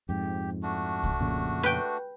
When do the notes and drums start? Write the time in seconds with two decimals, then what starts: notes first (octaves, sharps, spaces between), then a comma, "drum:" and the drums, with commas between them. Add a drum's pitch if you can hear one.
0.09 F2 G#2 G4
0.63 A3 D4 F#4
1.04 drum: kick C2
1.20 F2 A#2 C#3
1.63 B4 G5